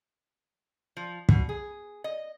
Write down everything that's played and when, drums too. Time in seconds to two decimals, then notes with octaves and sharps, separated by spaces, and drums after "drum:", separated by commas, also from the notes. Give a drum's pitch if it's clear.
0.97 F3
1.29 B2, drum: kick
1.49 G#4
2.04 D#5